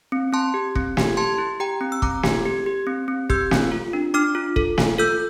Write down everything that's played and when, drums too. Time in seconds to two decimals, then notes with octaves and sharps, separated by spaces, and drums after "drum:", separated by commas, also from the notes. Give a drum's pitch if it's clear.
0.12 C4
0.33 C4 A5 C6
0.54 G4
0.75 C4, drum: kick
0.97 G4, drum: snare
1.17 G4 A5 C6
1.38 E4
1.60 G4 G5 A#5
1.81 C4
1.92 E6
2.02 C4 A#5 D6, drum: kick
2.23 G4, drum: snare
2.45 G4
2.66 G4
2.87 C4
3.08 C4
3.30 G4 E6 G6, drum: kick
3.51 C4, drum: snare
3.72 F4
3.93 D4
4.14 D4 D6 F6
4.35 F4
4.56 A4, drum: kick
4.78 F4, drum: snare
4.98 A4 E6 G6